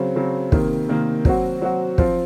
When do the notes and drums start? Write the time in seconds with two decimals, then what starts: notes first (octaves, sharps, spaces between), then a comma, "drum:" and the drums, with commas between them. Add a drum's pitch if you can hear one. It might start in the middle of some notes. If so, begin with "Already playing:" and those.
Already playing: C#3 F#3 C4
0.16 C#3 F#3 C4
0.52 C3 D#3 A#3, drum: kick
0.89 C3 D#3 A#3
1.25 F#3 C4 F#4, drum: kick
1.61 F#3 C4 F#4
1.98 F3 C4 F4, drum: kick